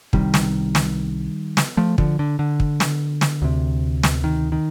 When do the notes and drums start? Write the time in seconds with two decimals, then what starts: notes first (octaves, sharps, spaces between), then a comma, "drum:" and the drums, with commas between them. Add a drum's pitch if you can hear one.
0.13 C2 C3 D#3 G3, drum: kick
0.34 drum: snare
0.75 drum: snare
1.57 drum: snare
1.77 F3 A3
1.98 D3 F3, drum: kick
2.19 D3
2.39 D3
2.60 drum: kick
2.80 drum: snare
3.21 drum: snare
3.42 D2 C3
4.03 drum: snare
4.24 D#3
4.52 D#3